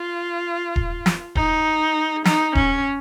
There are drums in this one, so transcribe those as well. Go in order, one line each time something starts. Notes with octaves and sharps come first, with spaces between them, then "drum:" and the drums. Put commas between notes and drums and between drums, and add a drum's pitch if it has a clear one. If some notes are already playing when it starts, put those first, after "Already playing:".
Already playing: F4
drum: kick D#1
drum: snare
D#4, drum: kick D#1
D#4, drum: snare
C#4, drum: kick D#1